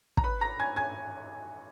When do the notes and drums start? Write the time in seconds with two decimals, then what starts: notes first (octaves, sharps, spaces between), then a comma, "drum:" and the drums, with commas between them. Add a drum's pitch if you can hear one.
0.17 A#5, drum: kick
0.24 B4 B5
0.41 A#5 A#6
0.59 G#5 G#6
0.76 G#5 G#6